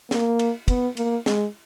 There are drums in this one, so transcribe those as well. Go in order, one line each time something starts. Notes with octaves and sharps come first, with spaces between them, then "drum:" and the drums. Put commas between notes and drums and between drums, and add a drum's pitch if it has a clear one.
A#3, drum: snare
drum: cymbal
B3, drum: kick, cymbal
A#3, drum: cymbal
G#3, drum: snare